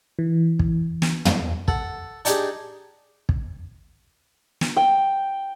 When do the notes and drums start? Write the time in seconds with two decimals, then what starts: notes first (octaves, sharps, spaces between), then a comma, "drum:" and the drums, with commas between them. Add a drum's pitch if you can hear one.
0.19 E3
0.59 drum: kick
1.02 drum: snare
1.25 drum: tom
1.68 A4 F#5, drum: kick
2.25 D4 D#4 G4 G#4, drum: hi-hat
3.29 drum: kick
4.61 drum: snare
4.77 G5